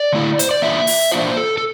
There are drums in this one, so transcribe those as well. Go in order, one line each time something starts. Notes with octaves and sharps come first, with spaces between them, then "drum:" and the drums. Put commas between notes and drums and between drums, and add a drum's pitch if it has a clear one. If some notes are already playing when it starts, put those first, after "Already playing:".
Already playing: D5
D3 A3 E4
C5, drum: hi-hat
D5
E3 A#3 D4 F4 E5
drum: open hi-hat
E3 A#3 D4 F4 C5
A4
A4